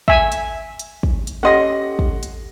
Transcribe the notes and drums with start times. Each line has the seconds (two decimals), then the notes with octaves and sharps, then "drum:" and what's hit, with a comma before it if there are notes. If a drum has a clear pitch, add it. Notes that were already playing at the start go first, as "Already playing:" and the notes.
0.08 E5 G#5, drum: kick
0.32 drum: hi-hat
0.79 drum: hi-hat
1.03 drum: kick
1.27 drum: hi-hat
1.43 C#4 G4 A4 D#5 F#5 C6 A#6
1.99 drum: kick
2.23 drum: hi-hat